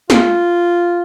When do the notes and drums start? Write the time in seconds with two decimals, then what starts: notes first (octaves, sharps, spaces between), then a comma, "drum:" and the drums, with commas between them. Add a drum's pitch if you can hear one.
0.10 F4, drum: snare